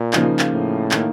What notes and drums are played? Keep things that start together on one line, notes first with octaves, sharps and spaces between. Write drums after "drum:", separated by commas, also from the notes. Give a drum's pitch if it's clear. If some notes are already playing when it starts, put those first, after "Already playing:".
Already playing: A#2
C#3 F3 A#3 D#4, drum: clap
drum: clap
A2
D#3 A#3 D#4, drum: clap